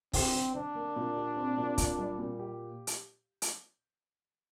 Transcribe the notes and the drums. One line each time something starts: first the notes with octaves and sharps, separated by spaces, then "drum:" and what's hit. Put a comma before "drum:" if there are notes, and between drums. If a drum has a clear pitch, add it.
D3 C4, drum: kick, open hi-hat
D3
D3 D4
A#3
A#2
G4
C4
A#2
A#2, drum: kick, hi-hat
G3
A#2
G4
drum: hi-hat
drum: hi-hat